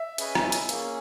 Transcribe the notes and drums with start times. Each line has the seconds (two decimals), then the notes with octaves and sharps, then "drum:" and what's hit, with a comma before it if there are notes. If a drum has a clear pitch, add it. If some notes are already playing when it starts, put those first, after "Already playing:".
Already playing: E5
0.18 C#4 G#4 B4 D#5 G#5, drum: hi-hat
0.35 drum: rim click
0.52 drum: hi-hat
0.69 A#3 C#4 G#4, drum: hi-hat